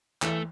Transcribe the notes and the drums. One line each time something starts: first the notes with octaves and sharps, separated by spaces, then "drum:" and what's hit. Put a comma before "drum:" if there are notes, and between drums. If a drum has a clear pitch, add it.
E3 A3, drum: clap